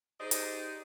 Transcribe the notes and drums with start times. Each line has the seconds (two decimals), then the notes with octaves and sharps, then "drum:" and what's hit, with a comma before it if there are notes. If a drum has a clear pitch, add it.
0.20 D#4 G4 G#4 C5 D5 D#5
0.31 drum: hi-hat